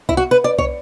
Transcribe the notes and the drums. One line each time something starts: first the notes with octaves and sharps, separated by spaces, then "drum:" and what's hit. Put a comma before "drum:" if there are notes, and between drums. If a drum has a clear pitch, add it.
E4, drum: kick C2
F#4
B4
D5
C#5, drum: kick C2